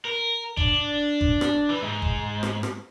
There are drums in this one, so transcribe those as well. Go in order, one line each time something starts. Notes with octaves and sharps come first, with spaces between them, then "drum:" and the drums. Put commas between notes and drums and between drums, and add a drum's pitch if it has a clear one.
A#4
D4, drum: kick F#1
drum: kick F#1
drum: rim click
E3
G#2
drum: kick F#1
drum: rim click
drum: rim click